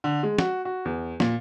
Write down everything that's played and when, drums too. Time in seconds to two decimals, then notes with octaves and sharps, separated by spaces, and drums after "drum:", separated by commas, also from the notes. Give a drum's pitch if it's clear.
0.04 D3
0.23 G#3
0.38 F#4, drum: snare
0.65 F#4
0.85 E2
1.20 A#2, drum: snare